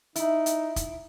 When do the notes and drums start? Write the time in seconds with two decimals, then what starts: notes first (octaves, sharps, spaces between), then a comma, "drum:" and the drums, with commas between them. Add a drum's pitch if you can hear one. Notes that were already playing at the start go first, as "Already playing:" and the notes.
0.16 D#4 E4, drum: hi-hat
0.46 drum: hi-hat
0.76 drum: kick, hi-hat